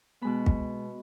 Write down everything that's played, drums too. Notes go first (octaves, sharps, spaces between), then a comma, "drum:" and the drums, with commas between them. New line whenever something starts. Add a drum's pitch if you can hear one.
B2 G#3 B3 B5
drum: kick